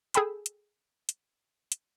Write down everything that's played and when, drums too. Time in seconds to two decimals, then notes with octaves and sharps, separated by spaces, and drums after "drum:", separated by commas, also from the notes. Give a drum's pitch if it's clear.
0.14 G#4 A4 G5 B5 E6, drum: hi-hat
0.46 drum: hi-hat
1.09 drum: hi-hat
1.72 drum: hi-hat